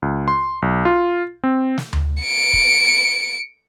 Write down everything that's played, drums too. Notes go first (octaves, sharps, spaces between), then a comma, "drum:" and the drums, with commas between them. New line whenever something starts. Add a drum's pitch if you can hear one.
C#2
C6
B1
F4
C4
drum: snare
drum: tom D2
C#7 D7
drum: kick